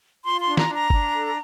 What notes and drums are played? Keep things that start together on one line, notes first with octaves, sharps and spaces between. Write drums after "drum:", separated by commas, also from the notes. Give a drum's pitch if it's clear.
F4 C6
C6
D4
A#5, drum: snare
D4
A#5
D4, drum: kick G1
A4